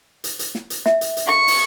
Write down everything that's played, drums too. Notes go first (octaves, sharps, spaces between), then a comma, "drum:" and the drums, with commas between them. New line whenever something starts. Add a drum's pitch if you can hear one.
drum: hi-hat
drum: hi-hat
drum: snare
drum: hi-hat
E5, drum: snare
drum: hi-hat
drum: hi-hat
C#6
drum: open hi-hat